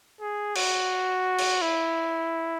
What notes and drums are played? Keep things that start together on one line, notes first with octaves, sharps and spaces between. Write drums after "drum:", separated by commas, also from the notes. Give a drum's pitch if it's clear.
G#4
F#4, drum: cymbal
drum: cymbal
E4